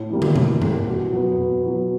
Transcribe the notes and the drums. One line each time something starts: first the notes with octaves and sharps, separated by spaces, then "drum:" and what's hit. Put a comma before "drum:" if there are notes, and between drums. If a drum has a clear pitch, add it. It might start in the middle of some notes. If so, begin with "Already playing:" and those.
Already playing: A2
E3 G3 A#3
drum: tom
A2, drum: tom
E3 G3 A#3, drum: tom G2
B2
F#3 B3
B2
F#3 B3